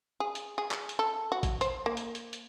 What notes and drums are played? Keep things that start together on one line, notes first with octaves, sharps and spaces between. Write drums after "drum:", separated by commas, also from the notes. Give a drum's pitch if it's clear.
G#4
drum: hi-hat
G#4
drum: clap
drum: hi-hat
A4
F#4
drum: kick A1, hi-hat
C5, drum: hi-hat
A#3
drum: hi-hat
drum: hi-hat
drum: hi-hat